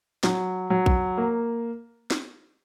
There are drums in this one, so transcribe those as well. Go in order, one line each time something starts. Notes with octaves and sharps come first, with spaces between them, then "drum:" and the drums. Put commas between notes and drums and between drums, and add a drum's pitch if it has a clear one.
F#3, drum: snare
F#3
drum: kick A#1
A#3
drum: snare